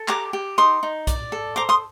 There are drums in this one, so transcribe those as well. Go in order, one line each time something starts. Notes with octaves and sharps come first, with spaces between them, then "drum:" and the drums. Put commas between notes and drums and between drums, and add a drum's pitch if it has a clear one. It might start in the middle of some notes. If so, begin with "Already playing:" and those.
Already playing: A4
G4 A#5 D6, drum: clap
G4
D#4 C6 D#6
D#4
D5, drum: kick B1, hi-hat
A4
C5 A#5 D6
C6 D#6